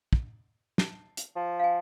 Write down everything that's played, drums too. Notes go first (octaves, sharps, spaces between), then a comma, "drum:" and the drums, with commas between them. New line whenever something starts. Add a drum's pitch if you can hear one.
drum: kick
A5, drum: snare
drum: hi-hat
F3
F5 G#5